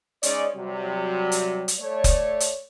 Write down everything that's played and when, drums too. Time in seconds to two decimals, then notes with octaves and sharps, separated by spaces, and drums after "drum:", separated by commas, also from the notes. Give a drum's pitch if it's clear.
0.23 G#3 C#4 D#4 C#5 D5, drum: hi-hat
0.56 C3 F#3 G3
1.32 drum: hi-hat
1.68 drum: hi-hat
1.79 A3 C#5 D5
2.04 drum: kick, hi-hat
2.40 drum: hi-hat